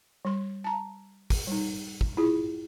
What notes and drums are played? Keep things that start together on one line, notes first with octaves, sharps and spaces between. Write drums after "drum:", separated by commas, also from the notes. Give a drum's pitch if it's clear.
G3 C6
A5 A#5
drum: kick, open hi-hat
G3 D#4
drum: kick
E4 F4 G#4